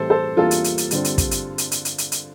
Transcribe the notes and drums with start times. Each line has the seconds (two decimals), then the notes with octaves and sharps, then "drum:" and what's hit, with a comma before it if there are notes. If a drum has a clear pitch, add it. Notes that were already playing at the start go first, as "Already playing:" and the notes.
Already playing: A2 E3 G3 C4 A4 C5
0.10 A4 C5
0.37 E2 E3 G3 A#3 D4 F4 A4
0.51 drum: hi-hat
0.64 drum: hi-hat
0.78 drum: hi-hat
0.91 G2 D3 G3 C4, drum: hi-hat
1.04 drum: hi-hat
1.18 drum: kick, hi-hat
1.31 drum: hi-hat
1.58 drum: hi-hat
1.71 drum: hi-hat
1.85 drum: hi-hat
1.98 drum: hi-hat
2.12 drum: hi-hat